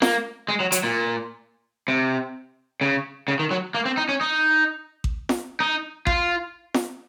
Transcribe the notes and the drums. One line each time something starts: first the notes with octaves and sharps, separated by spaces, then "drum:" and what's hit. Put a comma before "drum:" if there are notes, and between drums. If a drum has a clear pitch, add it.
A#3, drum: snare
G#3
F#3
F#3, drum: hi-hat
A#2
C3
C#3
C#3
D#3
F#3
A#3
C4
D#4
C#4
D#4
drum: kick A1
drum: snare
D#4
F4, drum: kick A1
drum: snare